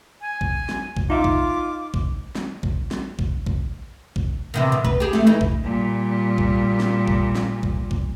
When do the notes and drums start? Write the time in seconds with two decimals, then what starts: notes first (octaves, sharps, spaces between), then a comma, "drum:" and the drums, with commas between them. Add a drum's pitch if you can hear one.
0.21 G#5
0.41 drum: kick A#1
0.69 drum: snare
0.97 drum: kick A#1
1.10 D#4 F4 E5 D6
1.24 drum: kick A#1
1.94 drum: kick A#1
2.35 drum: snare
2.63 drum: kick A#1
2.91 drum: snare
3.19 drum: kick A#1
3.46 drum: kick A#1
4.16 drum: kick A#1
4.54 E2 C3 D#3
4.72 B2
4.85 B4, drum: kick A#1
5.00 G4 G#4
5.13 A3, drum: snare
5.27 E3 D#4
5.41 drum: kick A#1
5.64 A#2 G3
6.38 drum: kick A#1
6.80 drum: snare
7.08 drum: kick A#1
7.35 drum: snare
7.63 drum: kick A#1
7.91 drum: kick A#1